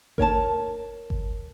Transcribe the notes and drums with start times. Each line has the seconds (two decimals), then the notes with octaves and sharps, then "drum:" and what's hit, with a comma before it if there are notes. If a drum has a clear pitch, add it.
0.18 A#4 C#5 G#5 A5, drum: kick G1
1.10 drum: kick G1